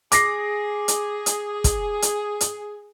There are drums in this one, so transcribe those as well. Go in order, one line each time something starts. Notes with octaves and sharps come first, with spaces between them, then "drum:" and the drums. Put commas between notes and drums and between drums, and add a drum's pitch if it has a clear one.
G#4 D6 A#6 C7, drum: hi-hat
drum: hi-hat
drum: hi-hat
drum: kick, hi-hat
drum: hi-hat
drum: hi-hat